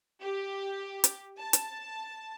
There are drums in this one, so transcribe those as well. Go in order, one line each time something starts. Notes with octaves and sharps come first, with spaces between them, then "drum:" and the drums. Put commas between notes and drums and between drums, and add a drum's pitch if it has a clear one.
G4
drum: hi-hat
A5
drum: hi-hat